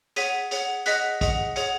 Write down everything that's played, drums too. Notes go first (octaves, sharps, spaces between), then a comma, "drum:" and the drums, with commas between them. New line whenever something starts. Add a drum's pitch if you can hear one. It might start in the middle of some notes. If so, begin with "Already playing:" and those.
G#4 C#5 F#5 B6 D#7, drum: hi-hat
G#4 C#5 F#5, drum: hi-hat
G#4 D#5 F#5 F#6 B6, drum: hi-hat
G#4 D#5 F#5, drum: kick, hi-hat
G#4 C#5 F#5, drum: hi-hat